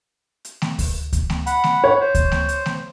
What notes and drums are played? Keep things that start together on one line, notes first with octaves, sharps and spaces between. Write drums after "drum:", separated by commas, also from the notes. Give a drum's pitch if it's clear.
drum: hi-hat
drum: snare A3
drum: kick D2, open hi-hat
drum: kick D2, hi-hat
drum: snare A3
F#5 B5, drum: hi-hat
drum: snare A3
C#5
C5
drum: kick D2, hi-hat
drum: snare A3
drum: hi-hat
drum: snare A3